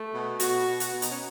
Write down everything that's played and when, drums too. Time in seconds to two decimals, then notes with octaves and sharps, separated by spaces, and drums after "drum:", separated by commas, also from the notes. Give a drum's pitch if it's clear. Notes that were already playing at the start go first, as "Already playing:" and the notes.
Already playing: A3
0.13 B2
0.40 B2 F#4, drum: hi-hat
0.67 B2
0.80 drum: hi-hat
0.94 B2
1.02 D#4, drum: hi-hat
1.11 C#4